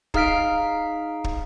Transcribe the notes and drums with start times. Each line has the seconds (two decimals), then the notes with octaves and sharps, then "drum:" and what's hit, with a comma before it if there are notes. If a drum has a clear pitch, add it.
0.14 D#4 G#4 F5 F6 B6 D7, drum: kick
1.24 drum: kick